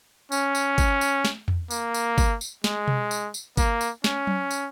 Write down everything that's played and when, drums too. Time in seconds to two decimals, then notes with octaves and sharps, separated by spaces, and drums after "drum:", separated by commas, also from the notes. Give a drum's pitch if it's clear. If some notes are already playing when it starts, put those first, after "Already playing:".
0.32 C#4, drum: tambourine
0.55 drum: tambourine
0.78 drum: kick, tambourine
1.01 drum: tambourine
1.25 drum: snare
1.48 drum: tom E2
1.71 A#3, drum: tambourine
1.94 drum: tambourine
2.18 drum: kick, tambourine
2.41 drum: tambourine
2.64 G#3, drum: snare
2.88 drum: tom B2
3.11 drum: tambourine
3.34 drum: tambourine
3.57 A#3, drum: kick, tambourine
3.81 drum: tambourine
4.04 C#4, drum: snare
4.27 drum: tom F#3
4.51 drum: tambourine